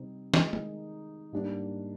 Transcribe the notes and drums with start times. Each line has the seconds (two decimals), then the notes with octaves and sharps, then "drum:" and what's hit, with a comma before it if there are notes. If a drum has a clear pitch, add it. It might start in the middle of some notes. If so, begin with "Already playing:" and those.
Already playing: C3 G3 C4 D#4
0.34 D#3 G#3 D#4, drum: snare
0.53 drum: tom G#3
1.33 G#2 G3 A#3 D4